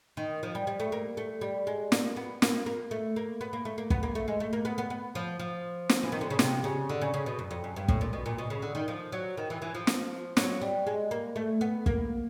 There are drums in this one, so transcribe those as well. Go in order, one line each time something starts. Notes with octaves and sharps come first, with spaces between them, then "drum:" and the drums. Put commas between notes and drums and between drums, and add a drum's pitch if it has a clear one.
D#3
F3
G3
G3
A3
A#3
A3
G3
G#3
A#3, drum: snare
B3
A#3, drum: snare
A#3
A3
A#3
B3
A#3
A3
A#3
B3, drum: kick
A#3
A3
G#3
A3
A#3
B3
B3
B3
F3
F3
drum: snare
E3
D#3
D3
C#3
C3, drum: snare
C#3
D3
C#3
C#3
B2
F#2
F2
F#2
G2
A2, drum: kick
A#2
B2
A#2
B2
C#3
D3
D#3
F3
F#3
D#3
E3
E3
F3
drum: snare
F#3, drum: snare
G3
G#3
A#3
A3
B3
A#3, drum: kick